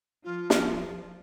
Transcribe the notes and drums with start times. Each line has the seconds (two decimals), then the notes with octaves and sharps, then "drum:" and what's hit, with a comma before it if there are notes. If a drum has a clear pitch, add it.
0.24 F3 F4
0.50 drum: snare